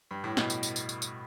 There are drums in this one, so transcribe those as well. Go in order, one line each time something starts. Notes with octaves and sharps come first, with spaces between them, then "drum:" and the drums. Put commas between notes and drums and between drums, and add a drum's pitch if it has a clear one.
G2
A2
B2, drum: snare
drum: tambourine
drum: tambourine
drum: tambourine
drum: tambourine
drum: tambourine